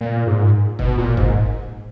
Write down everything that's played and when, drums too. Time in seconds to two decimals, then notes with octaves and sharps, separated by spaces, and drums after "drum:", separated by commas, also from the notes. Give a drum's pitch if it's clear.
0.01 A#2
0.27 G#2
0.79 B2, drum: kick
0.98 A#2
1.17 G#2, drum: kick